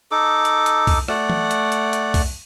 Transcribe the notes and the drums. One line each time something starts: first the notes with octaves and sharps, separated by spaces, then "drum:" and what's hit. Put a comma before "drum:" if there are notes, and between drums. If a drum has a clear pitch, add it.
D#4 A4 D6
drum: hi-hat
drum: hi-hat
drum: kick C2, open hi-hat
A3 D5 F#5, drum: rim click
drum: tom E3
drum: hi-hat
drum: hi-hat
drum: hi-hat
drum: kick C2, open hi-hat